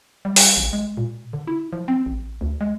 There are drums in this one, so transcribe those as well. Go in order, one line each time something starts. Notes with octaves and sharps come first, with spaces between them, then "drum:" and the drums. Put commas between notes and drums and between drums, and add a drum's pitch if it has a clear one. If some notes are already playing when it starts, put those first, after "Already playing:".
G3
drum: open hi-hat
A1
G#3
A#2
D3
E4
F3
C4
A1
D2
G#3